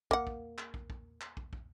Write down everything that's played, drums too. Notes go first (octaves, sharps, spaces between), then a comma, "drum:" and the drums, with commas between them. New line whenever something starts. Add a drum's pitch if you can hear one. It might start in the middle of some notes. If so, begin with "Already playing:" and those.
A#3 F#5, drum: kick
drum: kick
drum: clap
drum: kick
drum: kick
drum: clap
drum: kick
drum: kick